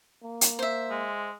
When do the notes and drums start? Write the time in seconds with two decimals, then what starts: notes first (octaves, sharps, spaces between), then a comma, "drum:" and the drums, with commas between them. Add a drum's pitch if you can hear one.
0.24 A#3
0.41 drum: hi-hat
0.59 C5 E5
0.91 G#3